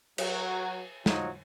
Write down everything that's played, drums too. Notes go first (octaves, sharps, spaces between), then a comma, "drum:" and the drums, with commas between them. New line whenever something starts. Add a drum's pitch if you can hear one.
F#3, drum: cymbal
F3 F#3 D#4, drum: snare